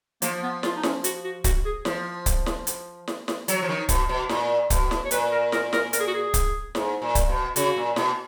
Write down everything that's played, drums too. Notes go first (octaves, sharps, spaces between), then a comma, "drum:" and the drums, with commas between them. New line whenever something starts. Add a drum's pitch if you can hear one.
F3 A#3, drum: hi-hat
B3
F4, drum: snare
D#4
C#4, drum: snare
F#4, drum: hi-hat
F#4
F#4, drum: kick C#1, hi-hat
G#4
F3, drum: snare
drum: kick C#1, hi-hat
drum: snare
drum: hi-hat
drum: snare
drum: snare
F#3 C#5, drum: hi-hat
F3
D#3
B2, drum: kick C#1, hi-hat
B2
A#2, drum: snare
B2, drum: kick C#1, hi-hat
drum: snare
C#5
A#2 B4, drum: hi-hat
A#4
A#4, drum: snare
A#4, drum: snare
A#4, drum: hi-hat
G#4
F#4
G#4
drum: kick C#1, hi-hat
G#2, drum: snare
A#2
drum: kick C#1, hi-hat
B2
C#3 F#4, drum: hi-hat
A#2
B2, drum: snare